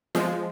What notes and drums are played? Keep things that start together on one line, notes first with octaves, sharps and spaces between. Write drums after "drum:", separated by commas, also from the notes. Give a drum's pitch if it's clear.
F3 G#3, drum: snare